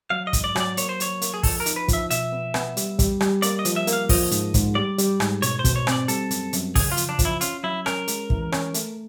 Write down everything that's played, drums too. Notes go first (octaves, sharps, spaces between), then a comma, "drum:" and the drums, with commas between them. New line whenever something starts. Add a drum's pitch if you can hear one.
F#3 F5
D#5
G#2, drum: kick, hi-hat
D5
F#3 D5, drum: rim click
A#3 C#5, drum: hi-hat
C5
F#3 C#5, drum: hi-hat
A#3, drum: hi-hat
G#4
F3 A4, drum: kick, open hi-hat
A#4
D#4, drum: hi-hat
B4
F3 E5, drum: kick, hi-hat
B2 E5, drum: hi-hat
B3
B3, drum: rim click
G3, drum: hi-hat
G3, drum: kick, hi-hat
G3, drum: rim click
A#3 D5, drum: hi-hat
D#5
F3, drum: hi-hat
E5
A#3, drum: hi-hat
F5
F3 D#5, drum: kick, open hi-hat
G#2, drum: hi-hat
G#2, drum: kick, hi-hat
G3 D5
G3, drum: hi-hat
G#2, drum: rim click
B2 C#5, drum: hi-hat
C5
B2, drum: kick, hi-hat
C#5
C4 D5, drum: rim click
G3 A4, drum: hi-hat
F#2, drum: hi-hat
F#2, drum: hi-hat
C#3 G#4, drum: kick, open hi-hat
F4
F3, drum: hi-hat
D4
F3, drum: kick, hi-hat
E4
C#4 F4, drum: hi-hat
F#3 E4
C#4 A#4, drum: rim click
G#3, drum: hi-hat
E3, drum: kick
C#4, drum: rim click
A3, drum: hi-hat